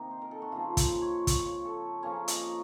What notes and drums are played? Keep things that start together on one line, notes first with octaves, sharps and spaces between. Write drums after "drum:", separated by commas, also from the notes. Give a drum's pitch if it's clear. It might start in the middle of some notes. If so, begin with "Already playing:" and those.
Already playing: C3 D#3 A#3 D#4
C5
A#4
A4
F#4
C#3 F3 A#3 F4
C5, drum: kick, hi-hat
C#5
C#5, drum: kick, hi-hat
C#5
A4
C#3 F3 A#3 C#4 C#5
D#5, drum: hi-hat